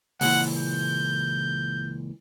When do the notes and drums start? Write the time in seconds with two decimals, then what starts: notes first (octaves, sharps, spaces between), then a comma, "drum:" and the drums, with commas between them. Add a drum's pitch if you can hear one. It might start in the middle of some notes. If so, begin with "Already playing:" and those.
0.21 C#2 A#2 E3 F#5, drum: open hi-hat
0.56 G6